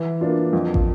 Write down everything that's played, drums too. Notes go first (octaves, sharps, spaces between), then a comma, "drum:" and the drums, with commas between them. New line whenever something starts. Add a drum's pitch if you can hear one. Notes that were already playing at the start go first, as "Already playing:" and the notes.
Already playing: E3
A#3 D4 F4
F2
drum: kick